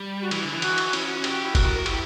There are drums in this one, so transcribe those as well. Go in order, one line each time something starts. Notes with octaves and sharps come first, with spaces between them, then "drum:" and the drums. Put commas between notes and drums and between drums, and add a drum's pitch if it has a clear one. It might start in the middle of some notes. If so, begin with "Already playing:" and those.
Already playing: G3
F#4
E3 E4, drum: cymbal
D3
E3 E4
F#4, drum: cymbal
drum: cymbal
C#4 E4, drum: cymbal
F#4
E4
G4, drum: cymbal
F#4
E4
F#4 A#4, drum: kick F#1, cymbal
A#4
E4 G4, drum: cymbal